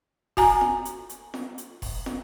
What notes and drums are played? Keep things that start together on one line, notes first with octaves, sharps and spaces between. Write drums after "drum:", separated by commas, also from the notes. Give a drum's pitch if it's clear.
F#4 G#5 A#5, drum: kick F1, open hi-hat
drum: snare
drum: hi-hat
drum: hi-hat
drum: snare
drum: hi-hat
drum: kick F1, open hi-hat
drum: snare